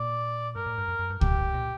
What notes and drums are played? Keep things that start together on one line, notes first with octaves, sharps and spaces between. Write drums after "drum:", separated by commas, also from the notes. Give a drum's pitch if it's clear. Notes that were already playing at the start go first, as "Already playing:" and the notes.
Already playing: A#2 D5
G2 A#4
A2
G2
F#2
F#2
G2
G2 G4, drum: kick C#2
G2
A#2